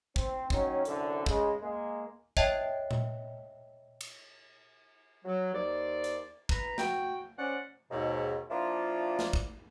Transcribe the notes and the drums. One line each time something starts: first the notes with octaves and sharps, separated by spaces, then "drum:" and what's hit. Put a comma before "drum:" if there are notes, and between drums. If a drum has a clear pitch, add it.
C4, drum: kick
D#3 F#3 C#4, drum: kick
C2 F#2 D3, drum: hi-hat
C#3 G#3, drum: kick
G#3 A#3
C#5 D#5 E5 G5 A5, drum: kick
drum: tom A#2
drum: cymbal
F#3
D#2 C5 D5
drum: hi-hat
B4 A#5, drum: kick
F#4 G5, drum: snare
C#4 C5 D5 F#5
D#2 G#2 B2
F3 A#3 D4 E4 F4
drum: snare
drum: kick